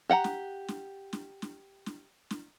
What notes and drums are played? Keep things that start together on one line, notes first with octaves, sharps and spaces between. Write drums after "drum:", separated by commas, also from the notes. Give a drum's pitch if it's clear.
G4 F#5 G5 A#5
drum: snare
drum: snare
drum: snare
drum: snare
drum: snare
drum: snare